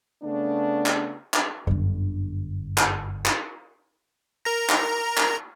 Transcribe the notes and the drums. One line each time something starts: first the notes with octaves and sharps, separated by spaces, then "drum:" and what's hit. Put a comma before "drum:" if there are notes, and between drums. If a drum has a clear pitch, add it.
C#3 A3 B3 D4
drum: clap
drum: clap
G1 F#2 D3
drum: clap
drum: clap
A#4 A#5
drum: clap
drum: clap